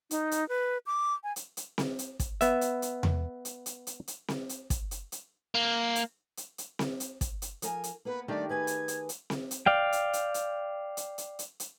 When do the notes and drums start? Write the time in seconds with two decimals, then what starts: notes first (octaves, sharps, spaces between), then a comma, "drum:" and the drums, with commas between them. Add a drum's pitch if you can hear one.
0.11 D#4, drum: hi-hat
0.31 drum: hi-hat
0.49 B4
0.86 D6
1.24 G#5
1.36 drum: hi-hat
1.57 drum: hi-hat
1.78 drum: snare C4
1.99 drum: hi-hat
2.20 drum: kick, hi-hat
2.41 B3 E5, drum: hi-hat
2.61 drum: hi-hat
2.82 drum: hi-hat
3.03 drum: tom E2
3.45 drum: hi-hat
3.66 drum: hi-hat
3.87 drum: hi-hat
4.08 drum: hi-hat
4.28 drum: snare C4
4.49 drum: hi-hat
4.70 drum: kick, hi-hat
4.91 drum: hi-hat
5.12 drum: hi-hat
5.55 A#3
5.96 drum: hi-hat
6.37 drum: hi-hat
6.58 drum: hi-hat
6.79 drum: snare C4
7.00 drum: hi-hat
7.21 drum: kick, hi-hat
7.42 drum: hi-hat
7.62 F3 A#4 G#5, drum: hi-hat
7.84 drum: hi-hat
8.05 A#3 B3 B4
8.28 D#3 G3 A3 D4 G4 D5
8.49 G#4 B4 G#5 G#6
8.67 drum: hi-hat
8.88 drum: hi-hat
9.09 drum: hi-hat
9.30 drum: snare C4
9.51 drum: hi-hat
9.66 D5 F5 G5
9.92 drum: hi-hat
10.13 drum: hi-hat
10.34 drum: hi-hat
10.97 drum: hi-hat
11.18 drum: hi-hat
11.39 drum: hi-hat
11.60 drum: hi-hat